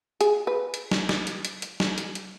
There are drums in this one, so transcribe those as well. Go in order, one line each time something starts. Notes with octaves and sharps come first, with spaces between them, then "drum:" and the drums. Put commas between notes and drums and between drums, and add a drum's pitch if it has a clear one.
G#4, drum: hi-hat
B4
drum: hi-hat
drum: snare
drum: snare
drum: hi-hat
drum: hi-hat
drum: hi-hat
drum: snare
drum: hi-hat
drum: hi-hat